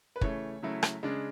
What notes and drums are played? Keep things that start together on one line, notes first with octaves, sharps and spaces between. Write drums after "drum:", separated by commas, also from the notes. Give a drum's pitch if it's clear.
B4
C#3 E3 A3 C#5, drum: kick
C#3 F#3 A3 E4
drum: rim click
C#3 G#3 D4